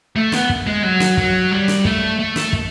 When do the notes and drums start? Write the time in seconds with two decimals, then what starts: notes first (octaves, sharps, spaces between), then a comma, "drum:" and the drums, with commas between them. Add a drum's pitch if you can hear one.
0.16 A3
0.32 B3, drum: snare
0.49 drum: kick
0.66 G#3
0.83 F#3
1.00 drum: snare
1.17 F#3, drum: kick
1.51 G3
1.68 drum: snare
1.85 A3, drum: kick
2.19 A3
2.36 drum: snare
2.53 drum: kick